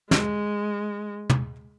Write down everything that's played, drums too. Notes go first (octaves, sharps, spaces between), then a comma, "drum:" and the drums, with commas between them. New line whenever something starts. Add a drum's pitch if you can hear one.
G#3, drum: snare
drum: tom